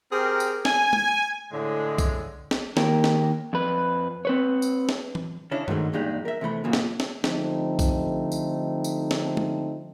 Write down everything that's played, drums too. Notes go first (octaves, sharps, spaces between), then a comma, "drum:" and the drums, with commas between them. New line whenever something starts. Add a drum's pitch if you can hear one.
C4 G4 G#4 A#4
drum: tambourine
G#5, drum: snare
drum: tom
A2 D3 G#3
drum: kick B1, tambourine
drum: snare
D#3 A#3 G4 A#4, drum: snare
drum: snare
F2 B4
C4 B4 C#5
drum: tambourine
drum: snare
drum: tom E3
C#3 C#4 D4 E4
G#2 D#3 F#3 G#3 A3, drum: tom G2
E2 G2 A#2 G#3 D#4 G4
A#4 E5
C3 E3 A3 B5
F#2 A#2 C#3
drum: snare
drum: snare
D3 F3 G3 A3 C4 D#4, drum: snare
drum: kick B1, tambourine
drum: tambourine
drum: tambourine
drum: snare
drum: tom